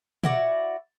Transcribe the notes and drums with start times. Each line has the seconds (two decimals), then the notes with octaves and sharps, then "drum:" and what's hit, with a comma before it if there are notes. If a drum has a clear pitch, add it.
0.24 E4 F#4 D5, drum: tom